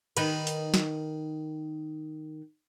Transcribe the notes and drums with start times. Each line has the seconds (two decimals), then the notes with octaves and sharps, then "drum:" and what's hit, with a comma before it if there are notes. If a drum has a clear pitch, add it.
0.17 D#3 B4, drum: cymbal
0.47 drum: hi-hat
0.74 drum: snare